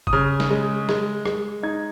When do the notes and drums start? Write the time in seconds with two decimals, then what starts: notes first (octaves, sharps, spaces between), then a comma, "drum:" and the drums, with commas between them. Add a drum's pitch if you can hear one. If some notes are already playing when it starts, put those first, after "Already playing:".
0.07 D#6, drum: kick F#1
0.13 C#3 F6
0.40 drum: snare
0.50 G#3
0.89 G#3, drum: snare
1.26 G#3, drum: rim click
1.63 D#4 G#6